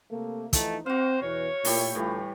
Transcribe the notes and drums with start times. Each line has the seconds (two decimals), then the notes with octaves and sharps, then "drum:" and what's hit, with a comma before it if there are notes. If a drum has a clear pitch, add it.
0.11 C3 A3 A#3
0.53 E3 F3 A3 D#4, drum: kick, hi-hat
0.86 C4 F#4 C5 F5
1.22 E2 B2 E3 C#5
1.65 A#2 A3 E4 G4, drum: open hi-hat
1.95 D2 A2 E3 G3 A3 F4